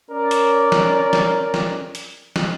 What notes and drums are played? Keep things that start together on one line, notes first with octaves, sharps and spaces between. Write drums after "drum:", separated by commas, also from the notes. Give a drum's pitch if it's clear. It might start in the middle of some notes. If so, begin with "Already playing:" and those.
C#4 A#4 D5
drum: hi-hat
drum: snare
drum: snare
drum: snare
drum: hi-hat
drum: snare